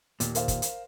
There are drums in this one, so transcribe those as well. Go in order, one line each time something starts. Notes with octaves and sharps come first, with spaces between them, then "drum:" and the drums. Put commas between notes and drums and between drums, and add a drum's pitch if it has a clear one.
D#2 A#2, drum: hi-hat
A#4 C5 F5, drum: hi-hat
drum: kick, hi-hat
drum: hi-hat